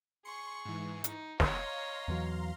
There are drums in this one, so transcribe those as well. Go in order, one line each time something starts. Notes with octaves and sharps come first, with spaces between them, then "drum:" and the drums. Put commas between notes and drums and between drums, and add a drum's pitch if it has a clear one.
G#4 C6 C#6 C#7
G#2 E3
D#4, drum: hi-hat
C#5 D#5 F5 A#5 C6, drum: snare
E2 E3 F#3